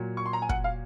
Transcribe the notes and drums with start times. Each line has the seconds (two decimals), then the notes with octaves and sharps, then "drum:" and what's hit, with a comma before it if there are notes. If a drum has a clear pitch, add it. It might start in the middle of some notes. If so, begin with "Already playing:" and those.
Already playing: A#2 F#3
0.17 C#6
0.26 C6
0.33 A#5
0.42 G#5
0.49 F#5, drum: kick
0.64 F5